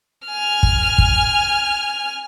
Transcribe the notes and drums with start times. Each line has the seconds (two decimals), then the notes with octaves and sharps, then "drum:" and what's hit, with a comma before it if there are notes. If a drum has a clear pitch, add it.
0.27 G#5 F6
0.63 drum: kick
0.98 drum: kick